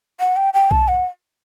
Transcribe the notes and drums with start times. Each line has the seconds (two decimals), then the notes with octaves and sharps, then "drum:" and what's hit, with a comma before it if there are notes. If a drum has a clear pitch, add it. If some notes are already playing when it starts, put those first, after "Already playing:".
0.20 F#5
0.36 G5
0.54 G5
0.71 A5, drum: kick B1
0.88 F#5